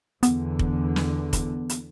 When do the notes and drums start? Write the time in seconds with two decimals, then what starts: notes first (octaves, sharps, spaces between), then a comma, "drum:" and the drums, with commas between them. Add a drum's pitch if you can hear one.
0.23 E2 D3 B3, drum: hi-hat
0.59 drum: kick F1
0.96 drum: snare
1.33 drum: kick F1, hi-hat
1.69 drum: hi-hat